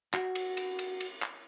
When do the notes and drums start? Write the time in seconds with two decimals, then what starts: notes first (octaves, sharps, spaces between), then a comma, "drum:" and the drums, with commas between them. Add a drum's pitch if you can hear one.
0.14 F#4, drum: clap
0.35 drum: cymbal
0.57 drum: cymbal
0.79 drum: cymbal
1.00 drum: cymbal
1.22 drum: clap